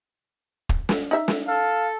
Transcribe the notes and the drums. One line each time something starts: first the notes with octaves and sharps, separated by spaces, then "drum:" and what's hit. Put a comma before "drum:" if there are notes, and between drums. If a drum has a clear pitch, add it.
drum: kick
drum: snare
D#4 E5
drum: snare
A4 F5